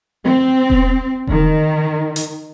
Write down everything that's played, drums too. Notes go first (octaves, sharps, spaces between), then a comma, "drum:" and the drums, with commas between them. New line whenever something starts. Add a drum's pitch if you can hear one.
C4
drum: kick E1
D#3, drum: kick E1
drum: hi-hat